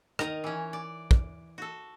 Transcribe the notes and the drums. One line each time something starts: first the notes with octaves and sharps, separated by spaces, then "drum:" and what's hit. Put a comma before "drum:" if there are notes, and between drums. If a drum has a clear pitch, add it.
D#3 D#5 A#5, drum: rim click
E3 C#4
D5
drum: kick
F#4 A4